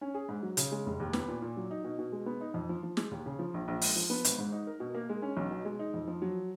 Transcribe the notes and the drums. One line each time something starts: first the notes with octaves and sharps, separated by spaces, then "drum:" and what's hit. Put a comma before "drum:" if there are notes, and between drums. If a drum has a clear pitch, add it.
C#4
G#4
G#2
F#3
C#3, drum: hi-hat
G#3
F1
D#2
B3, drum: snare
A#2
A#2
F#3
D#4
B2
B2
G#3
B3
D#4
F2
F3
F3
G#3, drum: snare
D#2
C#3
F3
A#1
A#1
G#2, drum: open hi-hat
F3
B3
G#1, drum: hi-hat
G#2
D#4
A#4
B2
A#3
G#3
C#4
B1
B2
G#3
D#4
F2
F3
F#3